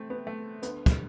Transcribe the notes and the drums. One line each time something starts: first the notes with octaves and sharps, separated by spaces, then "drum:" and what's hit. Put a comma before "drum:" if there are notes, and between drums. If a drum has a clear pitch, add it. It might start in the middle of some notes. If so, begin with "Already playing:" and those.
Already playing: C3 E3 A3 C4
B3
A3
D2 D3 B3, drum: hi-hat
drum: kick, hi-hat